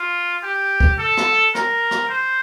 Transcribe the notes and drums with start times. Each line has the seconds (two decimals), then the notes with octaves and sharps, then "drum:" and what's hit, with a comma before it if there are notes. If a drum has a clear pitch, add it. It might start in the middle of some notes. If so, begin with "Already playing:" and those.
Already playing: F4
0.43 G4
0.80 drum: kick
0.99 A4
1.17 drum: rim click
1.55 A#4, drum: rim click
1.91 drum: rim click
2.09 C5